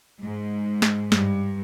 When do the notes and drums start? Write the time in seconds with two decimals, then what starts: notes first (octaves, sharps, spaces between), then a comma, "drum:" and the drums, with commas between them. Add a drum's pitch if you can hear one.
0.23 G#2
0.82 drum: snare
1.12 G2, drum: snare